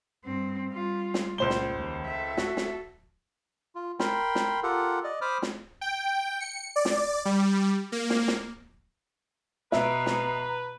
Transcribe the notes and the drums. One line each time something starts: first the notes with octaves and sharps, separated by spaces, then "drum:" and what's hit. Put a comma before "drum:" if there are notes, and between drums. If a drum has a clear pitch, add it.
G2 C4
G3 F4
drum: snare
C#2 A#2 C5 G7
drum: snare
D#2
A4 E5
F#4, drum: snare
drum: snare
F4
A#4 G5 B5 C6, drum: snare
drum: snare
F4 G4 A4 A#4 F#5
D5 D#5
C5 B5 D6 D#6 F6
drum: snare
G5
C#7
D5
drum: snare
G3
A#3
drum: snare
drum: snare
B2 B4 E5 A#5, drum: snare
drum: snare